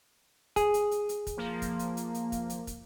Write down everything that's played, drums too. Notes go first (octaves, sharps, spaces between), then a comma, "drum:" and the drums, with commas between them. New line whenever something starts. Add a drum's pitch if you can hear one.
G#4, drum: kick, hi-hat
drum: hi-hat
drum: hi-hat
drum: hi-hat
drum: kick, hi-hat
F3 A#3
drum: kick, hi-hat
drum: hi-hat
drum: hi-hat
drum: hi-hat
drum: kick, hi-hat
drum: hi-hat
drum: kick, hi-hat